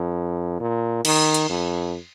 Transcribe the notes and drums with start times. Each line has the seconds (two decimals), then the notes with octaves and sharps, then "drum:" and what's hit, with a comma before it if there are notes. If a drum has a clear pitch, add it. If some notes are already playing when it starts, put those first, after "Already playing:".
Already playing: F2
0.60 A#2
1.05 D#3, drum: cymbal
1.34 drum: hi-hat
1.49 F2